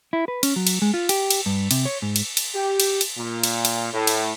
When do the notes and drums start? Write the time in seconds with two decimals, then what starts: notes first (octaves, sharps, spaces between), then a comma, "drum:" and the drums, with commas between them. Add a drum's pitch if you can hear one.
0.13 E4
0.28 B4
0.43 C#4, drum: cymbal
0.56 F#3
0.67 drum: cymbal
0.82 G#3
0.94 F4
1.09 G4, drum: cymbal
1.30 drum: cymbal
1.46 G2
1.71 C3, drum: cymbal
1.85 C#5
2.02 G#2
2.16 drum: cymbal
2.37 drum: cymbal
2.55 G4
2.80 drum: cymbal
3.01 drum: cymbal
3.18 A#2
3.43 drum: cymbal
3.65 drum: cymbal
3.93 A2
4.07 drum: cymbal